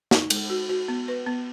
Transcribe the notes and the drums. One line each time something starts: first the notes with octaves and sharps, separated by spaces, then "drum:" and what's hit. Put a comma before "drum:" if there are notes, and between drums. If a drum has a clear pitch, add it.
D#4, drum: snare
G#3, drum: cymbal
F#4
F#4
B3
B4
B3